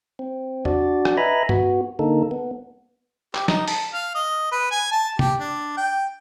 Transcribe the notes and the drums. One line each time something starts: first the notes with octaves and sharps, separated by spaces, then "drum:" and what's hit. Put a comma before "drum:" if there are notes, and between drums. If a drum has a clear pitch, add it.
C4
D4 F#4 D5, drum: tom E2
drum: rim click
B4 D#5 E5 G#5 A#5 B5
B3 F#4, drum: tom
D3 A#3 D#4 A4
B3
G4, drum: clap
D#4, drum: snare
A5, drum: open hi-hat
F5
D#5
B4
G#5
A5
G4, drum: tom C3
D4
G5